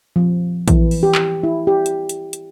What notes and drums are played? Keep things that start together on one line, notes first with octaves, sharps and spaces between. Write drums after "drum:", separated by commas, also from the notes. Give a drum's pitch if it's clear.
F3
E3, drum: kick, hi-hat
drum: open hi-hat
G4
drum: clap
E4
G4
drum: hi-hat
drum: hi-hat
drum: hi-hat